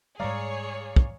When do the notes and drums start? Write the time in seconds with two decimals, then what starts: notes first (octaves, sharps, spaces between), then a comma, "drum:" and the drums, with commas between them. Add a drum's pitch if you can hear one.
0.20 G#2 G3 G#3 G#4 C#5 D5 F5 A#5
0.96 drum: kick